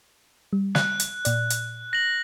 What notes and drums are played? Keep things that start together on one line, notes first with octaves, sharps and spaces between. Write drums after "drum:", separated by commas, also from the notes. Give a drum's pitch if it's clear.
G3
F#6, drum: snare
drum: hi-hat
A#2 D5, drum: hi-hat
drum: hi-hat
A#6 F#7